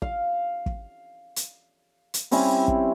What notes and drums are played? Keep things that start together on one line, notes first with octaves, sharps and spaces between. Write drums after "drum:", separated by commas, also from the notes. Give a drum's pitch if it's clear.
F5, drum: kick
drum: kick
drum: hi-hat
drum: hi-hat
G3 C4 C#4 E4, drum: open hi-hat
drum: kick